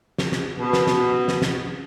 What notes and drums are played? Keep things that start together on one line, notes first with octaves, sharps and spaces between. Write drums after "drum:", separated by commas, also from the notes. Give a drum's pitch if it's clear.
drum: snare
drum: snare
B2
drum: snare
drum: snare
drum: snare
drum: snare